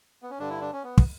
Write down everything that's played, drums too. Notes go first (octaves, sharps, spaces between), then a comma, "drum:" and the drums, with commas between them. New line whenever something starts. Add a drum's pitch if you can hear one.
B3
C#4
G2 D3 D4
E4
D4
C#4
B3
drum: kick